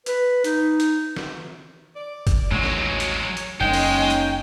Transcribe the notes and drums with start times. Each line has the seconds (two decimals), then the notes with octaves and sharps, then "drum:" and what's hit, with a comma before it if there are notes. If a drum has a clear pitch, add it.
0.06 B4, drum: hi-hat
0.44 D#4, drum: hi-hat
0.80 drum: hi-hat
1.16 drum: snare
1.95 D5
2.27 drum: kick, hi-hat
2.51 A1 D#2 F#3 G#3 C#5
2.63 drum: snare
3.00 drum: hi-hat
3.37 drum: hi-hat
3.60 F#1 G#3 A#3 C#4 D#4 G5
3.73 drum: open hi-hat
4.10 drum: hi-hat